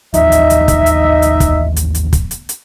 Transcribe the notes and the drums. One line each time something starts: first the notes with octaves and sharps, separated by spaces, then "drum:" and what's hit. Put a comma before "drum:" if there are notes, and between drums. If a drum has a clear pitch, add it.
A1 D#2 F3 D#4 D#5 E5, drum: hi-hat
drum: hi-hat
drum: hi-hat
drum: kick, hi-hat
drum: hi-hat
drum: hi-hat
drum: kick, hi-hat
drum: hi-hat
drum: hi-hat
drum: kick, hi-hat
drum: hi-hat
drum: hi-hat